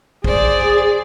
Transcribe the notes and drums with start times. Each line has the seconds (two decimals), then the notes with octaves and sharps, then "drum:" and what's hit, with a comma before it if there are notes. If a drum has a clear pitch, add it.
0.24 G#4 C5 D5, drum: kick